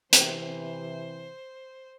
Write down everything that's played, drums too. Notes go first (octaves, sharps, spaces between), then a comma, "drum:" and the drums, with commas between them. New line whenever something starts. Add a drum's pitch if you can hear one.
C3 E3 C5, drum: hi-hat